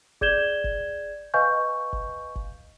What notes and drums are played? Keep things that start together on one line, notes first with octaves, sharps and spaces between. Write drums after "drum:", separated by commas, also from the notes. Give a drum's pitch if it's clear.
G#4 D5 G6 G#6 E7 G7, drum: kick F#1
drum: kick F#1
B4 D#5 F5 G#5 C#6 G6
drum: kick F#1
drum: kick F#1